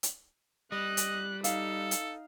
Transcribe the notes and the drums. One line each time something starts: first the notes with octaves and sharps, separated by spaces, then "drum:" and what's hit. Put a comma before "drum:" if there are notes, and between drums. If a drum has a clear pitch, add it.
drum: hi-hat
G3 D#5 F#6
drum: hi-hat
D#4 A4 F5, drum: hi-hat
drum: hi-hat